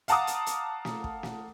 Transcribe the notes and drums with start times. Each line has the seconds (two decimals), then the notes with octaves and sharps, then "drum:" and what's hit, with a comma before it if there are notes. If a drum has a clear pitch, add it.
0.08 F5 F#5 A5 A#5 D6 D#6, drum: hi-hat
0.27 drum: hi-hat
0.46 drum: hi-hat
0.85 drum: snare
1.04 drum: kick
1.23 drum: snare